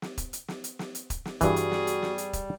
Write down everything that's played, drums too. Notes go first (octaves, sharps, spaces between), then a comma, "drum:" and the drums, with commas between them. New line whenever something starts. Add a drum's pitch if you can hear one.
drum: snare
drum: kick, hi-hat
drum: hi-hat
drum: snare
drum: hi-hat
drum: snare
drum: hi-hat
drum: kick, hi-hat
drum: snare
G2 E3 G3 F#4 G#4, drum: kick, hi-hat
drum: hi-hat
drum: snare
drum: hi-hat
drum: snare
drum: hi-hat
drum: kick, hi-hat